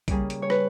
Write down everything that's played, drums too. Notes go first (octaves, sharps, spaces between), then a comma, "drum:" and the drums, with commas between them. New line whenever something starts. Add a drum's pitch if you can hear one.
C#3 G3 A#3 C#4 G#4, drum: kick B1, hi-hat
drum: hi-hat
C#5
B4, drum: rim click